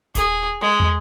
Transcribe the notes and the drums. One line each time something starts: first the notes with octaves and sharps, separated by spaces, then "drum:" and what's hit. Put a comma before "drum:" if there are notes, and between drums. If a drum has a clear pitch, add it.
G#4, drum: kick D#1, hi-hat
G#3
drum: tom